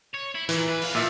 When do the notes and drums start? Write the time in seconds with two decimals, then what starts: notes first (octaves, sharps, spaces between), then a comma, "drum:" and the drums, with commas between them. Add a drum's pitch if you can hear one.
0.14 C#5
0.35 E4
0.49 A#2 E3, drum: hi-hat
0.68 B4
0.82 F2 F5, drum: open hi-hat
0.95 A#2 E5